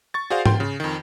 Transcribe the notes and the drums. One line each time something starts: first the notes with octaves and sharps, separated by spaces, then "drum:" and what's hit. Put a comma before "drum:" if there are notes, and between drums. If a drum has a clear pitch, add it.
C#6 A6
F#4 G#4 C5 D5 F5
G5 C6, drum: tom G#2
C#3
F2 D#3